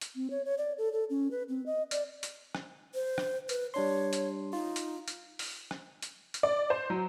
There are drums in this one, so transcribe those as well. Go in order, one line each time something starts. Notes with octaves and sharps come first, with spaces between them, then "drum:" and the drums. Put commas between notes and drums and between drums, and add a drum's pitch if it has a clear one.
drum: hi-hat
C4
C#5
C#5
D5
A4
A4
C#4
B4
C4
D#5
D5, drum: hi-hat
drum: hi-hat
drum: rim click
C5
drum: rim click
B4, drum: hi-hat
G3 D4 C#5 C6
drum: hi-hat
D#4 F4
drum: hi-hat
drum: hi-hat
drum: open hi-hat
drum: rim click
drum: hi-hat
drum: hi-hat
D5
C5
F#3